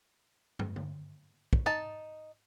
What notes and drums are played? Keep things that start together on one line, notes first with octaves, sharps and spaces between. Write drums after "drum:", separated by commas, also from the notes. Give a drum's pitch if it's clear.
drum: tom
drum: tom D3
drum: kick
D#4 A5